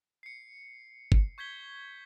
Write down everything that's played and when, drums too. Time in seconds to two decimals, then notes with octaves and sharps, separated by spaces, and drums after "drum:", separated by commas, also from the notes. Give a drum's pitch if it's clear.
0.23 C7 C#7
1.12 drum: kick
1.38 C#6 G6 G#6 B6 G7